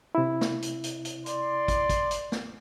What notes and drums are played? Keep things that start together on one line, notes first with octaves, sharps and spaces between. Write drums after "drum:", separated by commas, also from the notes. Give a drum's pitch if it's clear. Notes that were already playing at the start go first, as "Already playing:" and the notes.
C3 E4
drum: snare
drum: hi-hat
drum: hi-hat
drum: hi-hat
D5 C6, drum: hi-hat
drum: kick, hi-hat
drum: kick, hi-hat
drum: hi-hat
drum: snare